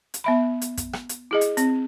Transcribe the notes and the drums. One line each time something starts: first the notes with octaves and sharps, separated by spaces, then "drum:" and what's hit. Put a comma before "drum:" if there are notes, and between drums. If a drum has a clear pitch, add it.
drum: hi-hat
B3 E5 B5
drum: hi-hat
drum: kick, hi-hat
drum: rim click
drum: hi-hat
E4 G#4 D#5
drum: hi-hat
C4, drum: hi-hat